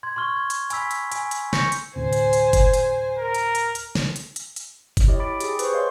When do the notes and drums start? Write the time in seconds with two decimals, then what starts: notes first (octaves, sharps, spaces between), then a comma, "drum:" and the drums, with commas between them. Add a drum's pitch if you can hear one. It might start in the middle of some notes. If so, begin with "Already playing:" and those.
0.03 C6 G#6
0.16 C6 C#6 F6 G7
0.36 G#6
0.50 drum: hi-hat
0.70 G#5 B5 E6 B6, drum: hi-hat
0.91 drum: hi-hat
1.12 G#5, drum: hi-hat
1.31 drum: hi-hat
1.53 C#6 G6 A#6 C#7, drum: snare
1.72 drum: hi-hat
1.96 D2 A2 C3 C5 G#5
2.13 drum: hi-hat
2.33 drum: hi-hat
2.53 drum: kick F#1, hi-hat
2.74 drum: hi-hat
3.18 A#4
3.34 drum: hi-hat
3.55 drum: hi-hat
3.75 drum: hi-hat
3.95 drum: snare
4.16 drum: hi-hat
4.36 drum: hi-hat
4.56 drum: hi-hat
4.97 drum: kick F#1, hi-hat
5.08 E4 G4 C#5 D#5
5.20 B5 D6 A6 D7
5.40 G4 G#4, drum: hi-hat
5.59 B4 C5 C#6, drum: hi-hat
5.72 B4 C#5 D#5 F5 C6